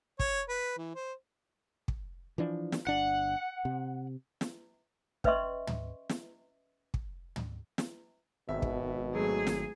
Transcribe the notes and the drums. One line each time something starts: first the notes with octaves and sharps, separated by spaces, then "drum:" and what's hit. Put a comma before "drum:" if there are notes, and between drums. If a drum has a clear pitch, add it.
C#5, drum: kick
B4
E3
C5
drum: kick
E3 F3 D4
drum: snare
G1 D4 F#5
C3
drum: snare
C#4 B4 D#5 E5 C6 C#6, drum: kick
drum: tom
drum: snare
drum: kick
drum: tom
drum: snare
G#1 B2 E5
drum: kick
F#3 G#3 A3 G#4
drum: snare